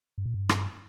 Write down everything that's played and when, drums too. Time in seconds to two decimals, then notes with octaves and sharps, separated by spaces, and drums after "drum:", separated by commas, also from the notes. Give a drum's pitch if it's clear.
0.18 G2
0.26 A#2
0.34 G2
0.49 drum: rim click